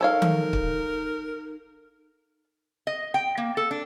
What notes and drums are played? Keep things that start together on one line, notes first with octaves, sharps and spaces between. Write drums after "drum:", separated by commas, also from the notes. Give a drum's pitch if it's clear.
D#4 A4 A#4 C#5 F5
drum: tom D#3
drum: kick
D#5
G5
A#3
A4
D4